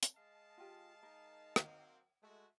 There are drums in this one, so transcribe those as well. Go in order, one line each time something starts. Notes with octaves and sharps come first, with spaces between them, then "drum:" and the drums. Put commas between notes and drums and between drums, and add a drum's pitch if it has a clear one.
drum: hi-hat
G#3 D#5 F5 A5
F4 G4
D#4 A#4
F#3 A#3 C4, drum: rim click
G#3 A3 F#4